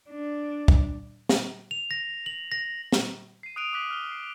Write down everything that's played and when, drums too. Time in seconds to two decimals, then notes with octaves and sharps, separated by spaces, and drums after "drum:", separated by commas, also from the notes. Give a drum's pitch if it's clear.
0.10 D4
0.68 drum: kick
1.29 drum: snare
1.71 F7
1.91 A#6
2.26 F#7
2.52 A#6
2.92 drum: snare
3.43 C7 D#7
3.56 D#6 F#6 D7 D#7 F7
3.73 D6 D#6 F#6 B6 F#7
3.91 F6 G7
4.11 C7